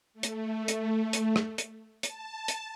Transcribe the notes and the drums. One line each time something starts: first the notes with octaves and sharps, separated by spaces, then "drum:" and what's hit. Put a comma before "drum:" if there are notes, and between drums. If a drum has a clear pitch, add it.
A3
drum: hi-hat
drum: hi-hat
drum: hi-hat
drum: rim click
drum: hi-hat
A5, drum: hi-hat
drum: hi-hat